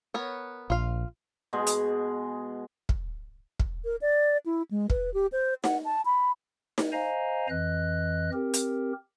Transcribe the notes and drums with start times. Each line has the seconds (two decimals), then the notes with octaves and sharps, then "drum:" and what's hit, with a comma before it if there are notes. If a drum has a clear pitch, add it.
0.14 B3 A#4 C#5
0.70 A#1 F4 F5
1.53 B2 G#3 G#4
1.67 drum: hi-hat
2.89 drum: kick
3.60 drum: kick
3.85 A#4
4.01 D5
4.46 E4
4.71 G#3
4.90 B4, drum: kick
5.14 G4
5.32 C5
5.64 F#5, drum: snare D#4
5.85 A5
6.05 B5
6.78 drum: snare D#4
6.92 C5 D#5 F5 G#5 A#5
7.49 F2 E3 D#5 F#6
8.33 C4 G4 A#4
8.54 drum: hi-hat